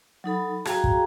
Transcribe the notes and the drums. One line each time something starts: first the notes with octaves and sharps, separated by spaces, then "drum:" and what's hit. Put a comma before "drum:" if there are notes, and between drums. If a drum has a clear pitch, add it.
F#3 D#4 A4 B5
F#4 G#4 F5 G5 A#5, drum: rim click
drum: kick